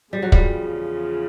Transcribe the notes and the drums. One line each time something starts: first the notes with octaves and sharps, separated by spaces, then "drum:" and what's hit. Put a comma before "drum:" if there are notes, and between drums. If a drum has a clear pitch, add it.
E2 C#3 F3 G3
F#3
G3, drum: kick